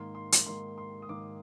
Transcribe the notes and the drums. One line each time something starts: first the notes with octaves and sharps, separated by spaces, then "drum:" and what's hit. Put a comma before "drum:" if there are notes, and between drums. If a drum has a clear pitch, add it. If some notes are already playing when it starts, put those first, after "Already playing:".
Already playing: G#2 D#3 A#3 C6
C6
drum: hi-hat
G#2 D#3 A#3 C6
C6
D#6
G#2 D#3 A#3 D6